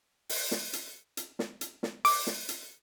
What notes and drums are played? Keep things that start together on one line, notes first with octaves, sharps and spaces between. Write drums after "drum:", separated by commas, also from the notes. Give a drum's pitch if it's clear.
drum: open hi-hat
drum: snare
drum: hi-hat
drum: hi-hat
drum: snare
drum: hi-hat
drum: snare
D6, drum: open hi-hat
drum: snare
drum: hi-hat